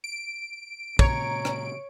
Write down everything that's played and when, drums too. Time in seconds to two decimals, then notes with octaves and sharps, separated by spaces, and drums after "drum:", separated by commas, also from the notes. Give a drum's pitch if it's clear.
0.04 D7
0.99 A#2 C#3 C#5 A#5, drum: kick
1.45 drum: rim click